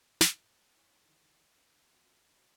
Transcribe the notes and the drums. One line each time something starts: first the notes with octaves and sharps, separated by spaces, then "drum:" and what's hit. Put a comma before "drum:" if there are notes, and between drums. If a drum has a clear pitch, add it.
F#2 A2, drum: snare
E4 C#5 F5 G#5 C#6
D3 D#3 F3 D#4 E4
D4 E6
C4 F4 F#4
F#4 C5 B5